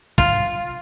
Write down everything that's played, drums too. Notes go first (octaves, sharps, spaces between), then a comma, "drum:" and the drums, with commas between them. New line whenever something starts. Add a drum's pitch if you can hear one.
F4, drum: kick